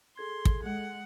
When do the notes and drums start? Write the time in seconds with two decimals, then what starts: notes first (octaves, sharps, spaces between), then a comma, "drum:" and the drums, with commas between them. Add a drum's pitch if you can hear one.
0.17 G#4 A4 C6 G#6
0.45 drum: kick
0.63 G#3 F#5